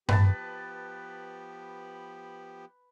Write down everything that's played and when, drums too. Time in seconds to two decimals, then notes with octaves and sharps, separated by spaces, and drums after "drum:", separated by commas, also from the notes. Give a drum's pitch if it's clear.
0.09 F3 B3 G4 B4 A5, drum: tom G2